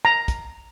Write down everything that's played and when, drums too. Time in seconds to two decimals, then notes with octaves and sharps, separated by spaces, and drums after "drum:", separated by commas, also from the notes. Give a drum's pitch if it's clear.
0.05 A#5
0.28 drum: kick, hi-hat